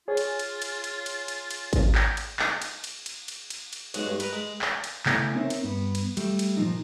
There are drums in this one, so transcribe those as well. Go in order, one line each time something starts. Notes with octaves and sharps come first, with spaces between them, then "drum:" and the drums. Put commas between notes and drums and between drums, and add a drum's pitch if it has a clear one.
F4 G#4 C#5 G#5
drum: cymbal
drum: cymbal
drum: cymbal
drum: cymbal
drum: cymbal
drum: cymbal
drum: cymbal
drum: kick G#1, cymbal
drum: clap
drum: cymbal
drum: clap
drum: cymbal
drum: cymbal
drum: cymbal
drum: cymbal
drum: cymbal
drum: cymbal
B1 G#3 F#4, drum: cymbal
G2
A#4 B4, drum: cymbal
G#3
drum: clap
drum: cymbal
C#3 A3 B3 E4 G#5, drum: clap
B3 C4 D#4 A#4 C#5 E5
drum: cymbal
G2 B3
drum: cymbal
G3 A3, drum: cymbal
drum: cymbal
A#2 F3 D#4